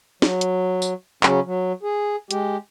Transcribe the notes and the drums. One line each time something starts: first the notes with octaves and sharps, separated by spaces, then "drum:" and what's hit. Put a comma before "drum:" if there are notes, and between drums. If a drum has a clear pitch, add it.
F#3, drum: snare
drum: hi-hat
drum: tambourine
C#3 F#3 C#4, drum: clap
F#3
G#4
G#3 G4, drum: hi-hat